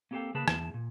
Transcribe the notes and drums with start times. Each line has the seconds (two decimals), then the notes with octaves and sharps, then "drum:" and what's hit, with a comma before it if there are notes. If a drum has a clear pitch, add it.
0.11 A#3 C4 G4 A4 F5 G5
0.35 C#3 A#3 G#4 B4 A5
0.48 E2 G#4 A5, drum: rim click
0.74 A#2